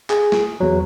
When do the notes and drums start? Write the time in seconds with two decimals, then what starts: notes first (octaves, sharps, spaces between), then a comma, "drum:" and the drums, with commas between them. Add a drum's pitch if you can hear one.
0.10 G#4, drum: clap
0.32 drum: snare
0.60 E2 F#3